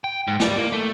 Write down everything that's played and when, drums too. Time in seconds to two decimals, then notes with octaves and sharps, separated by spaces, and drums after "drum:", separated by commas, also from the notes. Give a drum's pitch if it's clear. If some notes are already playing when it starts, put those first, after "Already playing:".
0.04 G5
0.28 G#2
0.40 G4 D5, drum: snare
0.56 A#3
0.73 A3